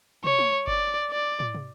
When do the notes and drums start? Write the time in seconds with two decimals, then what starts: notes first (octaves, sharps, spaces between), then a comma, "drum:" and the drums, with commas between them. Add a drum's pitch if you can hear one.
0.24 C#5, drum: tom
0.39 drum: tom
0.67 D5, drum: kick G1
1.11 D5
1.40 drum: tom
1.55 drum: tom